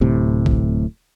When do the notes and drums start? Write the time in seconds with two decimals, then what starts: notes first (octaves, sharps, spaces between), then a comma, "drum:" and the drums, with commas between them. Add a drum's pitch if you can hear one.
0.01 D1 A2 C3
0.46 drum: kick A1